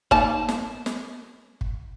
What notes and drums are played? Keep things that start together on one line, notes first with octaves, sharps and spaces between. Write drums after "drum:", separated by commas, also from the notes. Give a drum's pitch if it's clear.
A#3 D#4 A5, drum: kick G1
drum: snare
drum: snare
drum: kick G1